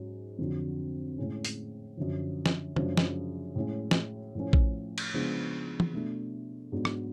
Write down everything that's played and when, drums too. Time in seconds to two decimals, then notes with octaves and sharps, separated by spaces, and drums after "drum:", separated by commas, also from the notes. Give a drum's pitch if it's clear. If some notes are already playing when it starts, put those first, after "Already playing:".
Already playing: G#2 F#3 C#4
0.39 F2 D3 F#3
1.18 A2 G#3 C#4
1.45 drum: hi-hat
1.97 F#2 D3 F3
2.46 drum: snare
2.76 F#2 C#3 F3 G#3 D4, drum: tom
2.97 drum: snare
3.56 A2 G#3 C#4
3.91 drum: snare
4.35 A2 F3 A3 C#4
4.53 drum: kick A#1
4.98 drum: cymbal
5.14 C#3 F3 G#3 B3 D4
5.80 drum: tom
5.93 B2 A3 D4
6.72 G#2 F#3 B3 D4
6.85 drum: rim click